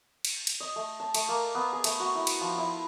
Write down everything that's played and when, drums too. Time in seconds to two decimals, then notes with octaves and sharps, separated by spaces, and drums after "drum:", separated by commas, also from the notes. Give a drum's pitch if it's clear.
0.25 drum: cymbal
0.47 drum: cymbal
0.60 D#5
0.76 A3
1.00 A5
1.15 A3, drum: cymbal
1.29 A#3
1.55 B3
1.73 G#4
1.84 A3, drum: cymbal
2.00 F#4
2.15 E4
2.27 drum: cymbal
2.41 F3
2.58 E4